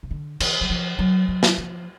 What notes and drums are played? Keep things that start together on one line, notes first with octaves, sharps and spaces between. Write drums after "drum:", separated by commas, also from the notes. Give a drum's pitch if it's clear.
C#3
D3
E3, drum: cymbal
F#3
F3
F#3
F#3
drum: snare
F3